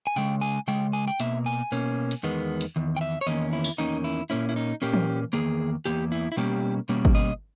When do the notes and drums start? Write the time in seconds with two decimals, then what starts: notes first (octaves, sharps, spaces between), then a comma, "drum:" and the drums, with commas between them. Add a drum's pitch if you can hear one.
0.07 G#5
0.16 C#3 G#3 G5
0.41 G#5
0.68 C#3 G#3 G5
0.93 G#5
1.08 G5
1.20 B2 A#3 E5, drum: hi-hat
1.46 G#5
1.72 B2 A#3 C#4
2.11 drum: hi-hat
2.23 E2 D#3 G#3 B3
2.61 drum: hi-hat
2.76 E2 D#3
2.96 G5
3.01 E5
3.21 C#5
3.27 E2 D#3 A#3 C#4 D#5
3.53 E4
3.64 drum: tambourine
3.78 E2 D#3 A#3 C#4 D#4
4.04 E4
4.30 A#2 A#3 C#4 E4
4.49 E4
4.56 D#4
4.82 A#2 A#3 C#4 G4
4.94 drum: tom E3
5.33 E2 D#3 A#3 G#4
5.85 E2 D#3 A#3 G4
6.12 E4
6.32 E4
6.37 B2 G3 A#3 C#4 G4
6.89 B2 G3 A#3 C#4
7.05 drum: kick G#1
7.15 D#5